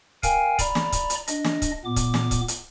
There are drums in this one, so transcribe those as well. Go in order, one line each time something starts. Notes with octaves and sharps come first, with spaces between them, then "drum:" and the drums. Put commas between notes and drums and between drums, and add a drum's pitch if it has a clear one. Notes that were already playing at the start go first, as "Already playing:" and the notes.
A#4 F5 G5 G#5, drum: kick C#1, hi-hat
D5 A#5 B5, drum: kick C#1, hi-hat
drum: snare
drum: kick C#1, hi-hat
drum: hi-hat
D4 D#5, drum: hi-hat
drum: snare
drum: kick C#1, hi-hat
A#2 B3 D6
drum: kick C#1, hi-hat
drum: snare
drum: kick C#1, hi-hat
drum: hi-hat